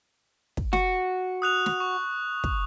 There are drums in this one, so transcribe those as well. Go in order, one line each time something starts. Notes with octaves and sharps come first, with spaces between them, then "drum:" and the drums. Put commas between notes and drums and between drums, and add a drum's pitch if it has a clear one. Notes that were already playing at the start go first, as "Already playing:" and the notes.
drum: kick
F#4, drum: snare
D#6 F#6 F7
drum: snare
C#6
drum: kick